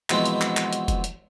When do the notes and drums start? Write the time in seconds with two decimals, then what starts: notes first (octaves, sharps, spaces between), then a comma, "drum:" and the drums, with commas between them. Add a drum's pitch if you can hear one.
0.10 B2 E3 F3 G#3 B3 C4, drum: clap
0.26 drum: hi-hat
0.41 drum: clap
0.57 drum: clap
0.73 drum: hi-hat
0.88 drum: kick F1, hi-hat
1.04 drum: hi-hat